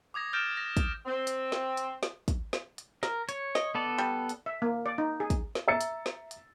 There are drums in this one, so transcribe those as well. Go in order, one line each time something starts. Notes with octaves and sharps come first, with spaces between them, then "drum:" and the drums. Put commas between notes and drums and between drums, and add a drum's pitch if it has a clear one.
D6 D#6 G#6 A#6
F6 G6 A6 A#6 D7 E7
A#6
drum: kick, hi-hat
C4
drum: hi-hat
drum: snare
drum: hi-hat
drum: snare
drum: kick, hi-hat
drum: snare
drum: hi-hat
A#4, drum: snare
C#5, drum: hi-hat
D#5, drum: snare
B3 A4 D5
G3
drum: hi-hat
E5
A#3
D5
D#4
G#4
drum: kick, hi-hat
drum: snare
E5 A#5 E6 A6 C#7
drum: hi-hat
drum: snare
drum: hi-hat